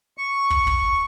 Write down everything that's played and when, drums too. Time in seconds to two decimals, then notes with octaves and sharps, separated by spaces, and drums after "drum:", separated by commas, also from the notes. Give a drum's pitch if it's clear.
0.18 C#6
0.50 drum: kick
0.67 drum: kick